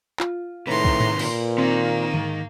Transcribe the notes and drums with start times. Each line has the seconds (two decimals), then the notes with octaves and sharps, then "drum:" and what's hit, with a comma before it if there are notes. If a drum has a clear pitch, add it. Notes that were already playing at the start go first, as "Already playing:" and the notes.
0.20 F4, drum: clap
0.67 A2 C3 D#3 B4 A#5 C6
0.85 drum: kick
1.00 drum: tom G#2
1.19 A#2, drum: cymbal
1.58 D#3 A#3 C4
2.14 G#2, drum: tom D3